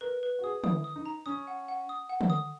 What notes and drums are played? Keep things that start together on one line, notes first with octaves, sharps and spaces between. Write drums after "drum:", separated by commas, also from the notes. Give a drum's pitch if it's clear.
A#4 B4
B4
F#4
G#4 D#6
E4 D#6, drum: tom
D#6
D#4
A#5
C#4 D#6
F#5
F#5
D#6
F#5
drum: tom
D#6